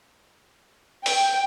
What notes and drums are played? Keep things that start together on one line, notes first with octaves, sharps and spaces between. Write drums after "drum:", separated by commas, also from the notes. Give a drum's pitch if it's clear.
G5, drum: open hi-hat